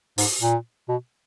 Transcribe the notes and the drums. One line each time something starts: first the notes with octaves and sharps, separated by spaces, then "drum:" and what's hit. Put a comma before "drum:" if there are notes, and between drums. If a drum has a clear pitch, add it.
G#2, drum: open hi-hat
A#2
B2